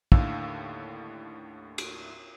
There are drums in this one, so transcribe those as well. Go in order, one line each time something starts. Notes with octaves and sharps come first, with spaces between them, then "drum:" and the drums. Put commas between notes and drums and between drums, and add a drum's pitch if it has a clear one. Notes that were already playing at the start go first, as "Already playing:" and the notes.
D#2 A2 D3 F5 E6, drum: kick
drum: cymbal